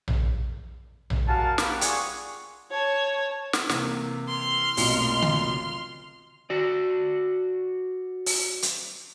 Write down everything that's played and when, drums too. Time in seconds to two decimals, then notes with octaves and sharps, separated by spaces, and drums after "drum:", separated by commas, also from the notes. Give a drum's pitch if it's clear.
0.08 drum: tom A#1
1.10 drum: tom A#1
1.28 G3 F#4 G#4 A#4 F5 A5
1.58 A#3 G4 B4 F#5, drum: snare
1.81 F4 G#4 D5 F#5 G#5 C#6, drum: hi-hat
2.71 C#5 A5
3.53 drum: snare
3.69 C3 E3 A#3, drum: snare
4.28 C6 F6
4.77 F1 B1 A#2, drum: open hi-hat
5.22 drum: tom C#3
6.50 F#4 D5
8.26 drum: open hi-hat
8.62 drum: hi-hat